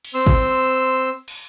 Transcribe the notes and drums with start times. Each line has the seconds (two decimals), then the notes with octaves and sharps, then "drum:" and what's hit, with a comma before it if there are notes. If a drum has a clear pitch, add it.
0.05 drum: cymbal
0.14 C4 C6 E6
0.27 drum: kick
1.28 drum: cymbal